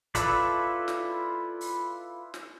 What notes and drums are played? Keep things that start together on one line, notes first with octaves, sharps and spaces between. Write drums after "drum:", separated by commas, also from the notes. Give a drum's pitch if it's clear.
E4 F4 A4 B4 D5, drum: kick, hi-hat
drum: snare
drum: open hi-hat
drum: snare